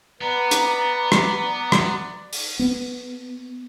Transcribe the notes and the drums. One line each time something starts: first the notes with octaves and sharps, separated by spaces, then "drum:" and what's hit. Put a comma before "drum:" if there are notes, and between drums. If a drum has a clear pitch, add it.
B3 B4 D5 A#5
drum: hi-hat
drum: rim click
drum: rim click
drum: open hi-hat
B3